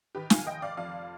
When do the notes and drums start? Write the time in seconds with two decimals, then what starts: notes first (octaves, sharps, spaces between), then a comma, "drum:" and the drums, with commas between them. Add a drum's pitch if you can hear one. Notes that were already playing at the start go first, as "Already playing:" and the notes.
0.15 D#3 G4 B4
0.30 F5 G#5, drum: snare
0.46 F1 D#5 G5
0.62 D5 F5
0.77 F2 D5 F5